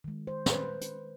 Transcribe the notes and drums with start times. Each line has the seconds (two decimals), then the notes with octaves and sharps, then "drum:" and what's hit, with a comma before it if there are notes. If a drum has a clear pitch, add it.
0.04 D#3 G#3
0.27 C5
0.46 B4, drum: snare
0.50 C5
0.81 drum: hi-hat